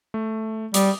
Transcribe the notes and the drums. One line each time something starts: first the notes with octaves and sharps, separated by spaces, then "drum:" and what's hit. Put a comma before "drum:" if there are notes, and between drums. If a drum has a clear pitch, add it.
A3
G3 D6 D#6, drum: hi-hat